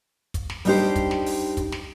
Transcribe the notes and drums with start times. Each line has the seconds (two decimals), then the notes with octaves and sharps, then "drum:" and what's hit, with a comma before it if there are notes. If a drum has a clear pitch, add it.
0.34 drum: kick, hi-hat
0.50 drum: snare
0.65 G3 D4 D#4 F#4 G4 C5, drum: open hi-hat
0.96 drum: kick, hi-hat
1.11 drum: snare
1.26 drum: open hi-hat
1.57 drum: kick, hi-hat
1.72 drum: snare